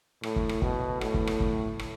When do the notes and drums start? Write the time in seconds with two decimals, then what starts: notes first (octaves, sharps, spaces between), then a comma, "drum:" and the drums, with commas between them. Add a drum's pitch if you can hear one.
0.23 A2, drum: rim click
0.36 drum: kick
0.49 drum: rim click
0.62 B2, drum: kick
1.01 A2, drum: rim click
1.14 drum: kick
1.27 drum: rim click
1.40 drum: kick
1.79 drum: rim click